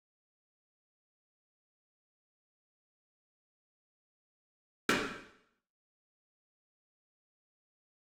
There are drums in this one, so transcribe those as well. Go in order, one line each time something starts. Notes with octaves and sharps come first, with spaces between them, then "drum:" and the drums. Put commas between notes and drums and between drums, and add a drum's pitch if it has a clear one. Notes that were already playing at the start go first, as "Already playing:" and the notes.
C6
F#4
G#5
F4
A4
A#4
G4
G#5
C#3 F3 F#3 A3 B3 A#4
A#2 G#3 F#4 G#4 B5
drum: rim click
D4
F5
B4
A#4